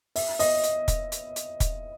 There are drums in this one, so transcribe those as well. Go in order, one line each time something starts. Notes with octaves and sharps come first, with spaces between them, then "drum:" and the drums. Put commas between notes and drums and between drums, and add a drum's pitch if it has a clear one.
E5, drum: open hi-hat
D#5, drum: open hi-hat
drum: hi-hat
drum: kick, hi-hat
drum: hi-hat
drum: hi-hat
drum: kick, hi-hat